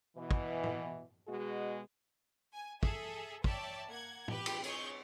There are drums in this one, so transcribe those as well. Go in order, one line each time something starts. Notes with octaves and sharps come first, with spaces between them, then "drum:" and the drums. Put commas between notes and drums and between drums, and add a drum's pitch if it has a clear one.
B2 E3
drum: kick
drum: tom A2
B2 G#3 F#4 G#4
G#5
G#4 A4 E5, drum: kick
C#5 D5 E5 G5 A5 D6, drum: kick
A#3 F#5 G#6
G4 B4, drum: tom A2
drum: cymbal
G#4 C#5 D#5 C#6 G6, drum: hi-hat